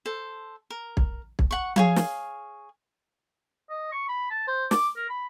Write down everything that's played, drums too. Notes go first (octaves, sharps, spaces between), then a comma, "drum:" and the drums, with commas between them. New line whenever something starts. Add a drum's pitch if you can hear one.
A4 C5
A#4
drum: kick
drum: kick
F#5 C#6
G#4 C#5 F5, drum: tom F3
drum: snare
D#5
C#6
B5
A5
C5
D6, drum: snare
A#4
B5